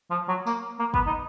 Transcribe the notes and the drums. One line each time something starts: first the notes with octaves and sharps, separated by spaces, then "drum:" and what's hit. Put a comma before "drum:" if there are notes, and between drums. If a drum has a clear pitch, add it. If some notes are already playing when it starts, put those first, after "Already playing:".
F3
F#3
A#3, drum: tambourine
A#3
B3, drum: kick
D#4